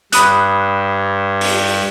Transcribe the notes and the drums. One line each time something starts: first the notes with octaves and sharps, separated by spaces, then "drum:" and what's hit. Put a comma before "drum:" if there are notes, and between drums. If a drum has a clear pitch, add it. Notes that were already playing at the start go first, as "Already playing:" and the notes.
G2 B5 D#6 F#6, drum: hi-hat
drum: open hi-hat